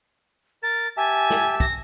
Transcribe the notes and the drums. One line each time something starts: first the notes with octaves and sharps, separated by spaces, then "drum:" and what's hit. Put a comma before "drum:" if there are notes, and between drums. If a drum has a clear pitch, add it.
A#4 A6
G4 E5 G#5 A5
drum: snare
A#6, drum: kick, hi-hat